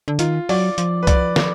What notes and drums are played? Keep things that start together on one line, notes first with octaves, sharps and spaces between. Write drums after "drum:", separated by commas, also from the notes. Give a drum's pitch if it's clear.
D3
D#3 F4, drum: hi-hat
F#3 D5, drum: open hi-hat
F3, drum: hi-hat
B4
D5, drum: kick C2, hi-hat
drum: snare